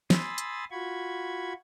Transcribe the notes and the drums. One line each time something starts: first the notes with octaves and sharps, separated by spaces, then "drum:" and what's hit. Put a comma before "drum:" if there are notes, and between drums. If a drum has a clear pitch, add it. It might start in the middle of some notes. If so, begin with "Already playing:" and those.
G#5 B5 C6 D#6 E6 A6, drum: snare
drum: hi-hat
F4 F#4 B5 C#6 G#6